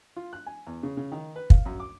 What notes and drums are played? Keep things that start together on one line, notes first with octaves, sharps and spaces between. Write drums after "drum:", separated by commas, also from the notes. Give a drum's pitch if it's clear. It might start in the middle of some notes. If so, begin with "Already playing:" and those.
F4
F#6
G#5
E2
C#3
C#3
D#3
B4
F5, drum: kick
F#2
D6